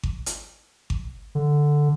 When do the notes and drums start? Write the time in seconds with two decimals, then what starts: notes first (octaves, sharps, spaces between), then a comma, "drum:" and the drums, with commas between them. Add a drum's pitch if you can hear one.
0.03 drum: kick G#1
0.26 drum: hi-hat
0.90 drum: kick G#1
1.35 D3